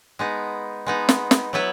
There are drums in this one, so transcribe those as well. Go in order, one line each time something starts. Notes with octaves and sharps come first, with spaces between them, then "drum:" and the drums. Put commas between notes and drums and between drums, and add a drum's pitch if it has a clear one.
G#3 B3 D#4
G#3 B3 D#4
drum: snare
drum: snare
F#3 B3 E4 B4